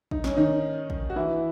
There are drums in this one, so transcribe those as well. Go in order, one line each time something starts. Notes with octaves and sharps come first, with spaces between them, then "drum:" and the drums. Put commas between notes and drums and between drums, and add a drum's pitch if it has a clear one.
D#4, drum: kick A1
C#4, drum: snare
D#3 D#4
drum: kick A1
F#4
E3 E4